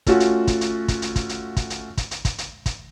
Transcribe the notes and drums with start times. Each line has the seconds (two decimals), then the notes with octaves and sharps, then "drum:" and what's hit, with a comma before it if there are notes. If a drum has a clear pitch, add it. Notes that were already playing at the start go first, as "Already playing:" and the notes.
0.07 A3 C#4 F4 F#4, drum: kick, hi-hat
0.20 drum: hi-hat
0.47 drum: kick, hi-hat
0.61 drum: hi-hat
0.88 drum: kick, hi-hat
1.02 drum: hi-hat
1.16 drum: kick, hi-hat
1.29 drum: hi-hat
1.57 drum: kick, hi-hat
1.70 drum: hi-hat
1.97 drum: kick, hi-hat
2.11 drum: hi-hat
2.25 drum: kick, hi-hat
2.38 drum: hi-hat
2.66 drum: kick, hi-hat